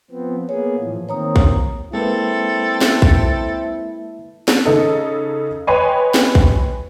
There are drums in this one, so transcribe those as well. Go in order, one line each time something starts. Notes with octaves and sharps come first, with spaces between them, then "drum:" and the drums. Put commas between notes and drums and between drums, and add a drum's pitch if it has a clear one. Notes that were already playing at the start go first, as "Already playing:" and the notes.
F3 B3 C4
A#3 B3 G#4 C#5
A2 E3 F3
D#3 A#3 C4 C#5 A#5 D#6
drum: kick A#1
G#3 A#3 C4 E4 A4 B4
drum: snare
drum: kick A#1
drum: snare
C#3 D#4 A4
B4 C#5 D#5 G5 G#5 C6
drum: snare
drum: kick A#1